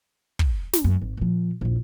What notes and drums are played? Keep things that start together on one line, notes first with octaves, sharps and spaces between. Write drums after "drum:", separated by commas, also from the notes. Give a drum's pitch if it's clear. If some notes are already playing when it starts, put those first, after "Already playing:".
drum: kick
drum: snare
F#2
G#1
A#2 F3
A#1 E2